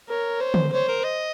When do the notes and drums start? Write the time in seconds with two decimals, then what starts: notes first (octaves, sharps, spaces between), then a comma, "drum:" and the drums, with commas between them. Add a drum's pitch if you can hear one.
0.08 A#4 C#5
0.40 C5
0.54 drum: tom
0.72 C5 C#5
0.88 A#4
1.04 D#5